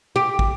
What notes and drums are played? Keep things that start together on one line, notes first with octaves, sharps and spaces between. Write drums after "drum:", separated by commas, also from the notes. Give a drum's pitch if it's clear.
G4
drum: kick